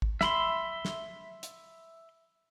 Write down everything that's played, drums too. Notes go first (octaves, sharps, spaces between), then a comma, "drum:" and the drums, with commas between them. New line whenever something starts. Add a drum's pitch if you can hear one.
drum: kick
E5 B5 C6, drum: snare
drum: snare
drum: hi-hat